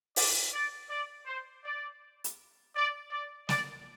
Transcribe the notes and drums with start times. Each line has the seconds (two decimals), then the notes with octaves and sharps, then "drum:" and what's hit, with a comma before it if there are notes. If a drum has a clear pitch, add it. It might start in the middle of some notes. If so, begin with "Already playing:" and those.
0.16 D5, drum: open hi-hat
0.53 D5
0.90 D5
1.26 C5
1.64 D5
2.24 drum: hi-hat
2.75 D5
3.11 D5
3.49 D5, drum: snare